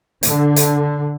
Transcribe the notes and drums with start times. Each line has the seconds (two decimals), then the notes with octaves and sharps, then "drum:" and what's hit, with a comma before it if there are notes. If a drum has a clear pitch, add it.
0.23 D3, drum: hi-hat
0.56 drum: hi-hat